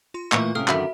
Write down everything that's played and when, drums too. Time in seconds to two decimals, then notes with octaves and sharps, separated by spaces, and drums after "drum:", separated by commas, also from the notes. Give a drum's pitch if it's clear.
0.14 F4 C6
0.32 A#2 E3 A3 B4 F5 C#6 G6, drum: clap
0.55 C3 G#3 C#4 A4 F5 D#6 F6
0.68 F#2 D3 D#3 F#4 E5 B5, drum: clap